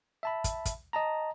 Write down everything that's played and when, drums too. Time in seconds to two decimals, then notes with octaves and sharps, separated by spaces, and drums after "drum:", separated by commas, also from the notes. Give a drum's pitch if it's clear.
0.23 E5 A5 B5
0.44 drum: kick, hi-hat
0.65 drum: kick, hi-hat
0.93 D#5 A5 A#5